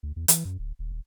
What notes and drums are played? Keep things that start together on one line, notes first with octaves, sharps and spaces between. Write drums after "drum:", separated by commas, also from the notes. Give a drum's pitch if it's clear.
D2
E2
E3, drum: hi-hat
F#2
D1
D#1
D#1